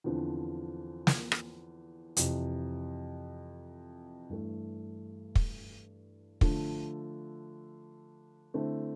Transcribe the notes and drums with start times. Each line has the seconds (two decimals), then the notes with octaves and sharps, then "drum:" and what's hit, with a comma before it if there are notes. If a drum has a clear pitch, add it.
0.04 E2 D3 F3 C4
1.07 drum: snare
1.32 drum: rim click
2.17 F2 C3 E3, drum: hi-hat
4.29 G2 E3 A3
5.35 drum: kick
6.41 D3 F3 A3, drum: kick
8.54 D3 A3 C4 E4